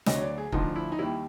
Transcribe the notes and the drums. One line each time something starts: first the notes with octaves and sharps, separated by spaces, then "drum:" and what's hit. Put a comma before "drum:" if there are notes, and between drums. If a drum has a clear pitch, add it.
D2 D3 F#3 D#5, drum: snare
C#5
D5
G#4
D2 D3 F3 D#4, drum: kick
E4
D#4
D#2 D#3 G3 E4